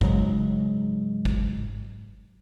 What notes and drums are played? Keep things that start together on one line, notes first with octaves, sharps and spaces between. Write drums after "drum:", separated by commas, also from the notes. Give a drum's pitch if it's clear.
G#2 C#3 F#3 G#3, drum: kick
drum: kick